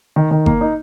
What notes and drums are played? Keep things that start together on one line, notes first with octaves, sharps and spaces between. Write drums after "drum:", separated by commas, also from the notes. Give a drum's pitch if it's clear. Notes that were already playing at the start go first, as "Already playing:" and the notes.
D#3
D#3
A#3, drum: kick G1
D#4